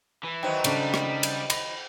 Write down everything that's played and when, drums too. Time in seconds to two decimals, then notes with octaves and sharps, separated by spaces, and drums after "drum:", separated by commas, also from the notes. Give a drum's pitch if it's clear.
0.23 E3
0.43 D#3 F#3 D#4 C5 G5
0.64 C#3 G3 D4 A4, drum: cymbal
0.94 drum: rim click
1.23 drum: cymbal
1.50 B5 A#6, drum: cymbal